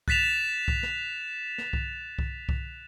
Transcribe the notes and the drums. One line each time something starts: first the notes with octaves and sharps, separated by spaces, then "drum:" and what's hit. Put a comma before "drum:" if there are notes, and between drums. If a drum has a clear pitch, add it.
F#6 A6 B6 E7 F7, drum: kick C2
drum: kick C2
drum: snare
drum: snare
drum: kick C2
drum: kick C2
drum: kick C2